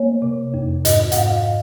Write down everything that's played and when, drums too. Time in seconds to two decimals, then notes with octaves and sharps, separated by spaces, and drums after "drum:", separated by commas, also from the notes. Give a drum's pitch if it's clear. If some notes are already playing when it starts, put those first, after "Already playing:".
Already playing: A#3 C#5
0.22 C3
0.54 F2
0.85 G#2 D#5, drum: hi-hat
1.12 F#5, drum: hi-hat
1.16 G#2 F5